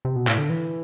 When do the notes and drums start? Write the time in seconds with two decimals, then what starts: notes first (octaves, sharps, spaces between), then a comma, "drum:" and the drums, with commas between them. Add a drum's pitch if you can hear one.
0.05 C3
0.16 B2
0.27 A2, drum: clap
0.38 D3
0.50 E3